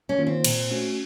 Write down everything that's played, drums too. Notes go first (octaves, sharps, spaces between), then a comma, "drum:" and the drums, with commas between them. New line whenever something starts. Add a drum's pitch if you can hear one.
C#4
D#3 A#3 F4
C4
A#2, drum: cymbal
A3 C#4 F#4